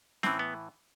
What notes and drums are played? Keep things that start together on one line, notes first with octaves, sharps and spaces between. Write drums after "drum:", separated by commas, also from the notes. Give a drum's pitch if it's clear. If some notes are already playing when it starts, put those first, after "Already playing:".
A2 E3 C4, drum: snare C#4
B3